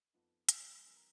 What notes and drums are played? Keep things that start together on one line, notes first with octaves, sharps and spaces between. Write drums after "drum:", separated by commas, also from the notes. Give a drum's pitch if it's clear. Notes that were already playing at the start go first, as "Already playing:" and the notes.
F2 F3 B3 D#4
F#2 F3 G#3 D#5, drum: hi-hat
C#5
B5
D#3 F#3 B3 G#5
A#5